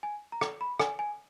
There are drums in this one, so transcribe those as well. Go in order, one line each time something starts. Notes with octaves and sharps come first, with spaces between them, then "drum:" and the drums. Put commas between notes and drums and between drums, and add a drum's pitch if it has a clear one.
G#5
A#5
drum: rim click
B5
G#5, drum: rim click
G#5